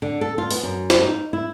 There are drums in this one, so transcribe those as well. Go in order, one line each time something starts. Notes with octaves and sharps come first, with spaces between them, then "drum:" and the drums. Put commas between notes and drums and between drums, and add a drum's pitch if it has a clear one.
D3
A4
F4
B3, drum: open hi-hat
F#2
drum: snare
D#4
E4